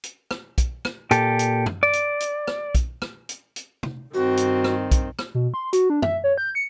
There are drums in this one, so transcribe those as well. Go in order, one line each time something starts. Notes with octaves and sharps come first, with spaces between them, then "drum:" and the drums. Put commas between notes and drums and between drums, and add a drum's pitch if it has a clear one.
drum: hi-hat
drum: rim click
drum: kick, hi-hat
drum: rim click
A#2 G4 A4, drum: hi-hat
drum: hi-hat
drum: tom
D5
drum: hi-hat
drum: hi-hat
drum: rim click
drum: kick, hi-hat
drum: rim click
drum: hi-hat
drum: hi-hat
drum: tom
G2 D#3 C4 F#4
drum: hi-hat
drum: rim click
drum: kick, hi-hat
drum: rim click
B2
C6
F#4, drum: hi-hat
D4
E5, drum: tom
C#5
G6
C#7